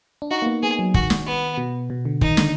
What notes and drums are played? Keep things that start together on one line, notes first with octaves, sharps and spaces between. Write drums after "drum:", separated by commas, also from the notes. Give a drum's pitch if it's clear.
D4
D#4 F#4
A#3
B3
B3 G#4
F#3
D#3 F#4, drum: kick
drum: snare
B3
B2
B2
D3
D#3 D#4, drum: kick
D3, drum: snare